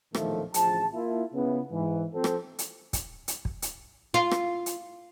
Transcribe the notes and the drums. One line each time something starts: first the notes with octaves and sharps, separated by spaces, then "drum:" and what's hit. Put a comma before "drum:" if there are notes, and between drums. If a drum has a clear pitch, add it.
A#1 E2 A2 D#3 F3 A3, drum: rim click
A1 D2 F3 G#4 A5, drum: hi-hat
A#3 E4 F4
C#3 B3 E4
G#2 E3
F3 C4 A4
drum: rim click
drum: hi-hat
drum: kick, hi-hat
drum: hi-hat
drum: kick
drum: hi-hat
F4
drum: rim click
drum: hi-hat